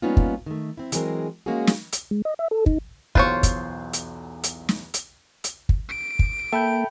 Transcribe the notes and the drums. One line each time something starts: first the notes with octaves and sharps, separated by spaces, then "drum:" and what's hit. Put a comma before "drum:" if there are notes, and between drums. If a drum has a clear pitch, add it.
G3 A#3 B3 C#4 D#4 F4
drum: kick
D#3 A3
C4 E4
E3 F#3 G#3 C4 G#4 A#4, drum: hi-hat
G#3 A#3 C#4 F#4 G#4
drum: snare
drum: hi-hat
G#3
D#5
E5
A4
D#4, drum: kick
B1 E2 F4 C5 C#5 F#6, drum: kick
drum: kick, hi-hat
drum: hi-hat
drum: hi-hat
drum: snare
drum: hi-hat
drum: hi-hat
drum: kick
D7
drum: kick
A#3 A4 E5 G5 A5 B5 G6